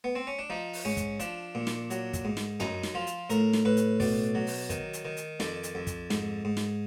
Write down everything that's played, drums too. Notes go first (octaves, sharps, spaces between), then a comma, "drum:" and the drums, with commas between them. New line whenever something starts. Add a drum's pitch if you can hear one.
B3
C4
C#4
D4
F3 D#4
drum: open hi-hat
G#2 C#4
drum: kick, hi-hat
F3 D4, drum: hi-hat
A#2
drum: snare
F#3, drum: hi-hat
drum: kick, hi-hat
G#2
drum: snare
F#2 D#4, drum: tom
drum: snare
F3 F4
drum: hi-hat
A2 A#4, drum: hi-hat
drum: snare
A2 B4
drum: hi-hat
B2 D5, drum: kick, open hi-hat
F#3
drum: open hi-hat
D#3, drum: kick, hi-hat
drum: hi-hat
D#3
drum: hi-hat
F2 D5, drum: snare
drum: hi-hat
F2
drum: kick, hi-hat
G#2, drum: snare
G#2
drum: snare